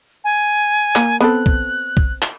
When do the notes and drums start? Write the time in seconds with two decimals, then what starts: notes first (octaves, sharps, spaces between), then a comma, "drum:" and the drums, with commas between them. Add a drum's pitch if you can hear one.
0.24 G#5
0.95 A#3, drum: clap
1.21 B3 C4 A4 F#6
1.46 drum: kick
1.97 drum: kick
2.22 drum: clap